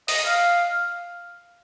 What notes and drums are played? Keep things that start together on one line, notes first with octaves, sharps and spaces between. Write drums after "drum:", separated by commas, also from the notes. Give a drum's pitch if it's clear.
D#5, drum: open hi-hat
F5